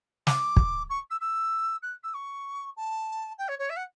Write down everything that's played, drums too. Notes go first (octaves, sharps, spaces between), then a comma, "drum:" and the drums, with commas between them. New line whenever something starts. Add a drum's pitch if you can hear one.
D6, drum: snare
drum: kick
C#6
E6
E6
F#6
E6
C#6
A5
G5
C#5
C#5
E5
F#5